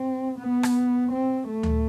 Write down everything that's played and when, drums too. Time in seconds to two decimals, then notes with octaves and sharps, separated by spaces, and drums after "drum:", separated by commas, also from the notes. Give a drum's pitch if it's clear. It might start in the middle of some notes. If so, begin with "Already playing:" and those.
Already playing: C4
0.39 B3
0.63 drum: rim click
1.12 C4
1.48 A3
1.63 drum: tom D2